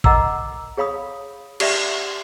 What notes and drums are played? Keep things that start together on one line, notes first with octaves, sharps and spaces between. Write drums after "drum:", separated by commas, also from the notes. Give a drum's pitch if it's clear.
A#4 D#5 F#5 A#5 D6 E6, drum: kick G#1
G#4 C#5 F5 B5 D#6
G4 D5 E5, drum: cymbal